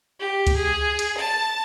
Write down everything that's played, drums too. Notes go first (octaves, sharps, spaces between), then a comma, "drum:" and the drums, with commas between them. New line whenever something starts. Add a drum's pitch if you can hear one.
G4
drum: kick C#2, hi-hat
G#4
drum: hi-hat
A5